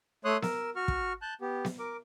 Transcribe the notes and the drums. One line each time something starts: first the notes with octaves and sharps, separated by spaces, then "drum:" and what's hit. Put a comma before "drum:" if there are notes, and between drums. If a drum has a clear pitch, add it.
A3 C#5 C6 D#6 F#6
A#4 E6, drum: snare B3
F#4 C#6 F6
drum: kick
A5 F#6 G6
B3 G4
drum: snare B3
A#4 D6